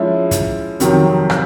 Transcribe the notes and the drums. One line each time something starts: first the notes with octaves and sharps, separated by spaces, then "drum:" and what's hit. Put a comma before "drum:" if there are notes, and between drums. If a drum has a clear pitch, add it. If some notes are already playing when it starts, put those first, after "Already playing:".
Already playing: F3 G#3 C#4 E4
drum: kick, hi-hat
F2 C3 D#3 F#3, drum: hi-hat
drum: rim click